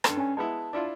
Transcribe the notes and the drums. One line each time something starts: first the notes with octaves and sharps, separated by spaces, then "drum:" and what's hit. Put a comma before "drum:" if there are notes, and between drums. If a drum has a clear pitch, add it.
G2 A4 C6, drum: rim click
C#4 G#5
G#3 B3 E4 A5
D4 E4 F4